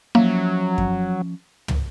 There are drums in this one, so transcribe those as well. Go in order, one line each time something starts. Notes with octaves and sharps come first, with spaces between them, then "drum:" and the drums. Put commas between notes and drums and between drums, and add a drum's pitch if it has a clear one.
F3 F#3 A#3 C#4 E5
drum: kick F#2
drum: tom